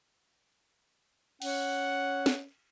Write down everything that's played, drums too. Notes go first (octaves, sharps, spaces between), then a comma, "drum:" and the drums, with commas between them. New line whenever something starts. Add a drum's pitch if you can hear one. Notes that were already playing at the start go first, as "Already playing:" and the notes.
C#4 F#5, drum: cymbal
drum: snare